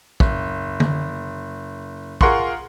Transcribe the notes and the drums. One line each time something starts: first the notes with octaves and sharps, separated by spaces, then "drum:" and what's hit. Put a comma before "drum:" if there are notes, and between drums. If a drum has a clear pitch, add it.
F#1, drum: kick
drum: tom D3
F4 G#4 A#4 F#5 C6 C#6, drum: kick